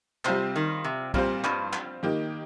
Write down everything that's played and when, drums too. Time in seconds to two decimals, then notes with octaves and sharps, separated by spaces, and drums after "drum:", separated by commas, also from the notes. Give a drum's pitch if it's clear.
0.25 C3 G3 C4 F4 C5, drum: clap
0.56 D#3
0.84 C3
1.14 A#2 G3 C4 F4 C5, drum: kick
1.44 G2, drum: clap
1.73 drum: clap
2.03 D#3 A#3 D#4 G4